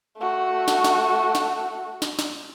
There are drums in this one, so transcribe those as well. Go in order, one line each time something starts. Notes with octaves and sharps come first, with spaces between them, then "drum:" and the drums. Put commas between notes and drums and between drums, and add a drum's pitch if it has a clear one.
A3 F#4
drum: snare
drum: snare
drum: snare
drum: snare
drum: snare